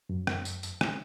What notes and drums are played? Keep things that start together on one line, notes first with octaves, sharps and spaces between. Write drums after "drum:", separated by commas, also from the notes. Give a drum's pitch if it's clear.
F#2
drum: rim click
drum: tambourine
drum: tambourine
drum: rim click